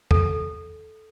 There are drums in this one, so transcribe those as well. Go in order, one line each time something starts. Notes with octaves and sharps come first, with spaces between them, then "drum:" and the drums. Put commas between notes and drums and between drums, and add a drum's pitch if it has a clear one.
A4, drum: tom